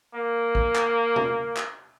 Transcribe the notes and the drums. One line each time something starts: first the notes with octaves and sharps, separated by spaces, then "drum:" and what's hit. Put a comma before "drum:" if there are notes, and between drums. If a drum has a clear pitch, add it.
A#3
drum: kick
drum: clap
drum: tom
drum: clap